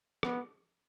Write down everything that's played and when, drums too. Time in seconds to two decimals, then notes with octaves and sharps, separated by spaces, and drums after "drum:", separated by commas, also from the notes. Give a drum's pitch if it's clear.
0.23 B3, drum: rim click